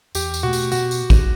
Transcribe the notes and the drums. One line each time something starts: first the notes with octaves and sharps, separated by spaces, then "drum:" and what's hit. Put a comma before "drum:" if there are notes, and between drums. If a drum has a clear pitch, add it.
E2 G4, drum: tambourine
drum: tambourine
B2 A3 F#4
drum: tambourine
B2 F#4, drum: tambourine
drum: tambourine
drum: kick, tambourine